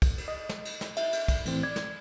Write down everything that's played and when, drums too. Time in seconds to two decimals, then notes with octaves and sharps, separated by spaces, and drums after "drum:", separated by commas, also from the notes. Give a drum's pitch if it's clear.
0.02 drum: kick, cymbal
0.18 drum: cymbal
0.28 D#5
0.49 drum: snare
0.65 drum: cymbal
0.81 drum: snare
0.97 E5, drum: cymbal
1.13 drum: cymbal
1.28 drum: kick, cymbal
1.46 A2 E3 C4, drum: cymbal
1.63 D5 G#6
1.76 drum: snare